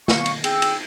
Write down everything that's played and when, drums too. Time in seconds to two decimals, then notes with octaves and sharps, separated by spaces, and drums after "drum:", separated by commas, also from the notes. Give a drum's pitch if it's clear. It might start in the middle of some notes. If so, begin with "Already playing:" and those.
0.08 B3 F5 C#6, drum: snare
0.26 drum: cymbal
0.44 G#4 G5 E6, drum: cymbal
0.62 drum: cymbal